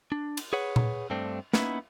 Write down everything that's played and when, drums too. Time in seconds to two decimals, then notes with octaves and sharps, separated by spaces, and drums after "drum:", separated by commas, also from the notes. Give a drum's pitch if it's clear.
0.12 D4
0.37 drum: cymbal
0.53 G#4 B4 C#5 F#5
0.76 drum: tom A#2
1.10 G2 A3 C4 D4
1.53 A#3 B3 C#4 D#4 E4 B4, drum: snare